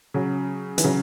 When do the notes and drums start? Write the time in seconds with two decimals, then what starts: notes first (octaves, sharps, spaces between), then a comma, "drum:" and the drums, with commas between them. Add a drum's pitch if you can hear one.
0.14 C#3 F#3
0.78 E3, drum: hi-hat
0.84 C#3 F#3